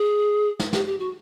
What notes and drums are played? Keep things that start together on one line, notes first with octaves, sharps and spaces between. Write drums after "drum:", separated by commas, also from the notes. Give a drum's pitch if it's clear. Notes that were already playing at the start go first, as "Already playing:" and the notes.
Already playing: G#4
drum: snare
G4, drum: snare
G4
F#4